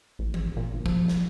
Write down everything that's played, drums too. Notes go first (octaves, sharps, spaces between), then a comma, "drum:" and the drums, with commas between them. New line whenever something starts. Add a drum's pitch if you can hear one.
A1
G#1, drum: tom E3
A#2
G1
F3, drum: kick
drum: snare